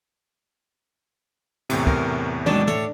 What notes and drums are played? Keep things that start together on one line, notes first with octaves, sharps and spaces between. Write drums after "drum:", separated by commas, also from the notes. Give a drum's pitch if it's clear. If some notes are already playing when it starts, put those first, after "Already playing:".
E2 A2 C3, drum: cymbal
A#4, drum: kick
D#3 F#3 G#3 D4, drum: tom
A2 A4 C#5, drum: tom